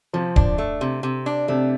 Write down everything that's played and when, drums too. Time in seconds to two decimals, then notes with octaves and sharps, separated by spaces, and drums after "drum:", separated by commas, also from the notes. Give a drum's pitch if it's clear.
0.13 C3 F3
0.36 D4, drum: kick
0.58 A3
0.81 C3
1.03 C3
1.26 D4
1.48 C3 A3